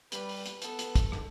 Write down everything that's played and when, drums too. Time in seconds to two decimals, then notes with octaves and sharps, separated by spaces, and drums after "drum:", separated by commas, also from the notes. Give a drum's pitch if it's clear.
0.12 G3 B4, drum: hi-hat
0.29 drum: open hi-hat
0.46 drum: hi-hat
0.62 B3 A4, drum: hi-hat
0.79 drum: hi-hat
0.95 drum: kick, hi-hat
1.12 drum: rim click